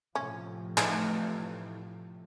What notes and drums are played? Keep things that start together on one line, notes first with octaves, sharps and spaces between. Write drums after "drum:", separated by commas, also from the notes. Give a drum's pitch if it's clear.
A2 C3 F3 C#4
E3 A3 D#4 G#4, drum: clap